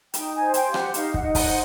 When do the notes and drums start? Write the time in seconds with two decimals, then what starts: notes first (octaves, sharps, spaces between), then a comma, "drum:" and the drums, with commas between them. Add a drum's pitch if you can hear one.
0.14 D#4 G5, drum: hi-hat
0.35 G#5
0.41 C5
0.54 G5, drum: hi-hat
0.68 G4 F5
0.74 F#5, drum: rim click
0.94 D#4 F5, drum: hi-hat
1.14 F#5, drum: kick
1.22 D#4
1.35 F#5, drum: kick, open hi-hat
1.47 C5